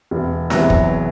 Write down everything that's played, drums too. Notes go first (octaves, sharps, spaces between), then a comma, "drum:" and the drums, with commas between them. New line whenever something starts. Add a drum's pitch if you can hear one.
E1
E2 C3 F#3, drum: snare
drum: kick